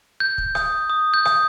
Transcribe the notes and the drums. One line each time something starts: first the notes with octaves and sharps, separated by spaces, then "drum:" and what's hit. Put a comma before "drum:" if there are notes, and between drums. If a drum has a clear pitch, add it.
G6
drum: kick
D#6 G6, drum: rim click
D#6
G6
D#6, drum: rim click